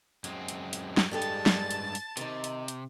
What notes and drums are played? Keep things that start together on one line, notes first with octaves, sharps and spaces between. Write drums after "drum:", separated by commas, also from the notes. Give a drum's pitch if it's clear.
F#2 G#3 C4, drum: hi-hat
drum: hi-hat
drum: hi-hat
drum: snare
G2 G#3 D4 G4 A4 A5 A6
drum: hi-hat
drum: snare
drum: hi-hat
drum: hi-hat
C3 D#3 D#4, drum: hi-hat
drum: hi-hat
drum: hi-hat